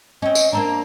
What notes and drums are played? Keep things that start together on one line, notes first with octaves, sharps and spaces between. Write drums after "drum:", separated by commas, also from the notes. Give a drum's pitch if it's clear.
C4 C#4 D#5
drum: tambourine
A#3 C4 D4 A#5